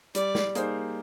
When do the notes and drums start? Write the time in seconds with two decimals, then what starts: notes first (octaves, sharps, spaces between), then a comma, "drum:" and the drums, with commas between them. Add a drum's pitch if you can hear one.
0.15 G3 D5, drum: hi-hat
0.35 drum: snare
0.55 A#3 D#4 G#4 C5, drum: hi-hat